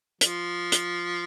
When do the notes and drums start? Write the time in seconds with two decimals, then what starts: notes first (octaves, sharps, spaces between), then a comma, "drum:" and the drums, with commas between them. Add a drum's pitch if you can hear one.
0.21 F3, drum: hi-hat
0.72 drum: hi-hat